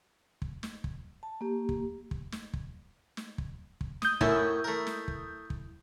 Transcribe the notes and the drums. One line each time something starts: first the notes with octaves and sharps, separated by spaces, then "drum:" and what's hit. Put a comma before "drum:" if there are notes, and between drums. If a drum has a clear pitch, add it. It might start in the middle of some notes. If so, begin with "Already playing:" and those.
drum: kick
drum: snare
drum: kick
A5
A#3 G4
drum: kick
drum: kick
drum: snare
drum: kick
drum: snare
drum: kick
drum: kick
D#6 G6, drum: snare
F#2 A2 C#4 E4, drum: kick
A3 A#4
drum: snare
drum: kick
drum: kick